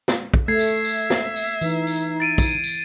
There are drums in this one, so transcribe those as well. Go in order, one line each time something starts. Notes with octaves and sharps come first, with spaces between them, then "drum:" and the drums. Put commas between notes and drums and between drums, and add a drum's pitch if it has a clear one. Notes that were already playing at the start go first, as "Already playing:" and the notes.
drum: snare
drum: kick
A3 E5 G#6 C7
drum: tambourine
drum: tambourine
drum: snare
drum: tambourine
E3 D#4, drum: tambourine
drum: tambourine
A6 D7 D#7
drum: kick, tambourine
drum: tambourine